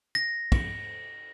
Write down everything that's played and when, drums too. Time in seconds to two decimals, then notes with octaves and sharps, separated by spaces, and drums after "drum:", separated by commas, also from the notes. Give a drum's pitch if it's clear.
0.15 A#6
0.52 drum: kick, cymbal